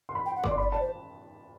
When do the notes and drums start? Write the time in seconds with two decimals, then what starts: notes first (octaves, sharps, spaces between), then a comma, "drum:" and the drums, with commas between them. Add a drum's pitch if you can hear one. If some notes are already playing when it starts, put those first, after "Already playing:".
0.09 C6
0.15 B5
0.26 G5
0.36 F#5
0.44 D6, drum: kick G1
0.47 D5
0.51 C6
0.58 D5 B5
0.72 D5 A5
0.80 C5